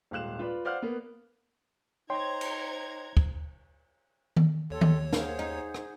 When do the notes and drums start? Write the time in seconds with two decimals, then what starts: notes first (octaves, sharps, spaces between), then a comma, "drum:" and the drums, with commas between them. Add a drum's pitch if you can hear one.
0.11 D#1 G#2 F5 F#6 E7
0.39 F4 B4 D5
0.65 C5 D5 F5 F#5 F6 F#6
0.82 A#3 B3
2.10 D#4 C5 C#5 G5 A#5 C6 G#6
2.41 drum: cymbal
3.17 drum: kick
4.36 drum: tom D#3
4.70 D#2 A4 C#5 G5 C6
4.81 drum: tom D#3
5.13 A#3 G#4 C5 F#5, drum: snare
5.39 D#4
5.74 drum: rim click